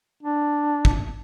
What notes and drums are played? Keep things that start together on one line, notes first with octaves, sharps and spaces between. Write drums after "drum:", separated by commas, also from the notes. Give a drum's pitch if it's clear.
D4
drum: kick